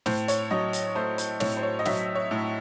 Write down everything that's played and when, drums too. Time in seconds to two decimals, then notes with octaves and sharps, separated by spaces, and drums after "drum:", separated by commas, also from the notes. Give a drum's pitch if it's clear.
0.06 A2 C5, drum: snare
0.28 C#5, drum: hi-hat
0.51 F#3 D#5
0.73 drum: hi-hat
0.95 A3 C5
1.18 C5, drum: hi-hat
1.40 A2 C#5, drum: snare
1.57 C5
1.63 C#5
1.79 D#5
1.85 F#3 E5, drum: snare
2.15 C#5
2.31 A2